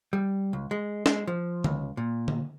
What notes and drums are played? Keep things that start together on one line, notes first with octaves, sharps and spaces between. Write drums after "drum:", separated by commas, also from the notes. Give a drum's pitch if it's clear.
G3
C#2
G#3
G#3, drum: snare
F3
C#2, drum: tom D3
A#2
drum: tom D3